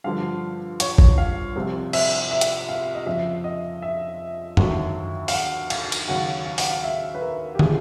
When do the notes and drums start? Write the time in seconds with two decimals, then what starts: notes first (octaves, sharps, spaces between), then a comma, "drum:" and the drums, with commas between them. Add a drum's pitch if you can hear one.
0.04 G2 D3 F3 F5
0.80 C#5, drum: hi-hat
0.98 drum: kick
1.18 F5
1.56 C2 C3 F3
1.93 E5, drum: cymbal
2.31 E5
2.41 drum: hi-hat
2.69 F5
2.95 D#5
3.06 F2 C#3 F3 E5
3.44 D#5
3.82 E5
4.57 D#2 D3 F#3, drum: tom F#2
5.28 F5, drum: open hi-hat
5.33 F#5
5.70 F5, drum: cymbal
5.92 drum: cymbal
6.08 D#2 C#3 F#3 F#5
6.46 F5
6.58 F#5, drum: open hi-hat
6.70 F5
6.84 E5
7.15 B4
7.21 A#4
7.55 G4
7.59 D3 F3 G#4, drum: tom